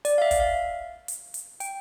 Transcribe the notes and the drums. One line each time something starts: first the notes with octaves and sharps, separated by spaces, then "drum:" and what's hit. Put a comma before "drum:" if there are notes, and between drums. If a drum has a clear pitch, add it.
D5, drum: hi-hat
F5
E5
drum: kick, hi-hat
F5
drum: hi-hat
drum: hi-hat
G5, drum: hi-hat